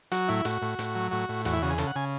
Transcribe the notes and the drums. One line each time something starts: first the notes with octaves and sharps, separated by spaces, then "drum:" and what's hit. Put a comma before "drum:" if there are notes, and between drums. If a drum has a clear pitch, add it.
F#3 F#4, drum: hi-hat
A2 E4
A2 F#4, drum: hi-hat
A2
A2, drum: hi-hat
F#3
A2 F#4
A2
E2 F#4, drum: hi-hat
E4
C#3 F#4
G#4
C#3 A4, drum: hi-hat
F#5
C#3 G#5